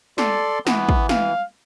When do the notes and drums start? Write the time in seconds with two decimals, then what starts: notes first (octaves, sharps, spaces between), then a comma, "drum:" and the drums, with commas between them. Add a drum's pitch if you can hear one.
0.18 A4 D5 C6, drum: snare
0.67 E3 B3, drum: snare
0.89 drum: kick
1.09 F5, drum: snare